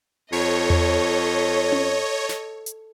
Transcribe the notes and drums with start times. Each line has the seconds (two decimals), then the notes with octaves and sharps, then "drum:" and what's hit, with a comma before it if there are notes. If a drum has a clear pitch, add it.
0.32 F2 A4 C#5 D#5
0.70 drum: tom E2
1.72 drum: tom C#4
2.29 drum: snare
2.66 drum: hi-hat